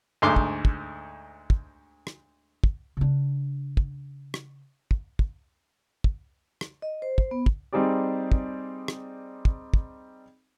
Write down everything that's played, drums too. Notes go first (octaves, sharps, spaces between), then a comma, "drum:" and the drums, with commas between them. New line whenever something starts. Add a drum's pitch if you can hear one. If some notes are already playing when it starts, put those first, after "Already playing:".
D2 G#2 C6 D6
drum: kick
drum: kick
drum: kick
drum: rim click
drum: kick
C#3 D4
drum: kick
drum: rim click
drum: kick
drum: kick
drum: kick
drum: rim click
D#5
C5
drum: kick
B3
drum: kick
G3 C4 D#4 G#4 D5
drum: kick
drum: rim click
drum: kick
drum: kick